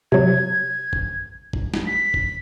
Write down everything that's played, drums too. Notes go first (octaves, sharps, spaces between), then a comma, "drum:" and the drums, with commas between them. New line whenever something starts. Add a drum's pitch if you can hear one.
C3 F#3 G#6
drum: kick
drum: kick
drum: snare
B6
drum: kick